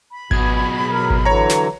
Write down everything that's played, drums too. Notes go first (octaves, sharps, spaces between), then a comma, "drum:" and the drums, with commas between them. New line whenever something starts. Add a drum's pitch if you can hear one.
B5
B1 B2 G#4 G#6, drum: kick G#1
F#3 A#4
drum: kick G#1
D3 E3 F#3 C#5 A#5
drum: snare